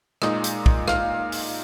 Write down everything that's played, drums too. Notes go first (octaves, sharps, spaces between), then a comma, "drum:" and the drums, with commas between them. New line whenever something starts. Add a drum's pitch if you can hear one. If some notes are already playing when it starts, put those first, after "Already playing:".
A#2 G#3 D#4 D#5 D#6, drum: rim click
drum: hi-hat
drum: kick
F5 F6, drum: rim click
drum: open hi-hat